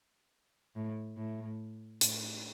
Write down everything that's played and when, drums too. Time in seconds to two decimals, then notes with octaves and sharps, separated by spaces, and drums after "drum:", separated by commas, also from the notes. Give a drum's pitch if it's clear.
0.75 A2
1.17 A2
2.01 A2, drum: hi-hat